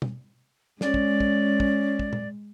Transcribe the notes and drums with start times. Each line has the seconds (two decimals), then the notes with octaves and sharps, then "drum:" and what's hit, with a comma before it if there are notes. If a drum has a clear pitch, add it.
0.02 drum: tom B2
0.81 G#3 C#4 D5, drum: snare
0.94 drum: kick
1.20 drum: kick
1.60 drum: kick
1.99 drum: kick
2.13 drum: tom A#2